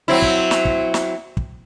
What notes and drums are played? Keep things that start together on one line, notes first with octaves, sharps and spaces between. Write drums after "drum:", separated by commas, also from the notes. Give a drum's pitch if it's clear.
F#3 C4 E4
drum: kick
drum: snare
drum: kick
drum: snare
drum: kick